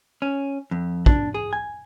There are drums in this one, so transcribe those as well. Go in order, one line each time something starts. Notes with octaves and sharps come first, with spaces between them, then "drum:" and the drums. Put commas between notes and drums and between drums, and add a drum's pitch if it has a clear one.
C#4
F2
D4, drum: kick
G#4
G#5